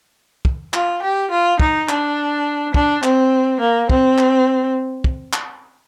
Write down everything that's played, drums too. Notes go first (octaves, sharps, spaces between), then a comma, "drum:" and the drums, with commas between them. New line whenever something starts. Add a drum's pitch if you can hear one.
drum: kick
F4, drum: clap
G4
F4
D#4, drum: kick
D4, drum: clap
D4, drum: kick
C4, drum: clap
A#3
C4, drum: kick
drum: clap
drum: kick
drum: clap